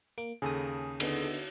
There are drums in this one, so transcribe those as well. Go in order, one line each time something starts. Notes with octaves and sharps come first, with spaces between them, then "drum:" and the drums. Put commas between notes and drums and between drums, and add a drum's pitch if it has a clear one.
A#3 D7
D#2 C#3 G#4 A4 D#6
D3 B3 D#4, drum: cymbal